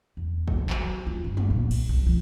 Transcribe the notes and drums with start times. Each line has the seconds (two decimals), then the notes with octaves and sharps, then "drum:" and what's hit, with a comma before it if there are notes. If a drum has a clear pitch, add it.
0.17 E2
0.48 G#3, drum: kick G#1
0.70 F#3, drum: clap
1.07 F4
1.24 G1
1.37 drum: tom
1.50 A#2
1.71 C2, drum: cymbal
1.89 C2
2.07 F3